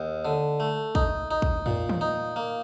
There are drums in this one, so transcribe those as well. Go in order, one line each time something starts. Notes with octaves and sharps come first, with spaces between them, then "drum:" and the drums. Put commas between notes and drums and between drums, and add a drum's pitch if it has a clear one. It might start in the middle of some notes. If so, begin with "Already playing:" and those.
Already playing: D#2
D3
A3
D#4, drum: kick
D#4
drum: kick
A#2, drum: tom
drum: tom
D#4
A#3